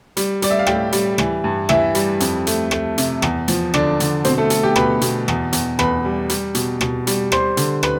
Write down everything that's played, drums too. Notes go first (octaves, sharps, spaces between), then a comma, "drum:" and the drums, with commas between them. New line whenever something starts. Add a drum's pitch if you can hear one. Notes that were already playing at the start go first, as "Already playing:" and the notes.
G3, drum: hi-hat
G3 D5, drum: hi-hat
E5
F5
A2 G4 G5, drum: rim click
G3, drum: hi-hat
E3, drum: rim click
G2
E3 E4 E5, drum: rim click
G3, drum: hi-hat
F2, drum: hi-hat
A3, drum: hi-hat
A3, drum: rim click
C3, drum: hi-hat
E2, drum: rim click
F3, drum: hi-hat
D3 D4 D5, drum: rim click
D3, drum: hi-hat
B2 C4 C5, drum: hi-hat
A3 A4
A3 A4, drum: hi-hat
G4 G5
B2 B4 B5, drum: rim click
B2, drum: hi-hat
E2, drum: rim click
E2, drum: hi-hat
E2 B4 B5, drum: rim click
G3
G3, drum: hi-hat
B2, drum: hi-hat
B2, drum: rim click
G3, drum: hi-hat
G3 C5 C6, drum: rim click
D3, drum: hi-hat
B4 B5, drum: rim click